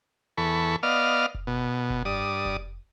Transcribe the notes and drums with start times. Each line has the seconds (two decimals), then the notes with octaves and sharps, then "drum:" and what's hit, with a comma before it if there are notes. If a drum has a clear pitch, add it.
0.37 E2 A4 B5 C#6
0.83 B3 D5 D#5 F5 F6
1.35 drum: kick F1
1.47 B2
1.90 drum: kick F1
2.05 G2 D5 D#6
2.45 drum: kick F1